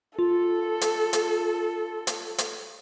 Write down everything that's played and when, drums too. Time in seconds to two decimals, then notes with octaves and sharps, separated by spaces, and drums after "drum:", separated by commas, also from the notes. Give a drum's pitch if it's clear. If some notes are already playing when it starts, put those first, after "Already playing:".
0.19 F4 A4
0.81 drum: hi-hat
1.13 drum: hi-hat
2.07 drum: hi-hat
2.38 drum: hi-hat